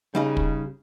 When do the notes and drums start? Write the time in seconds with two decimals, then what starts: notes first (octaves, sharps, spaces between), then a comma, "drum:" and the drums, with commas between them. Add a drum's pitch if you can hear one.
0.15 C#3 G3 D#4 D#5
0.37 drum: kick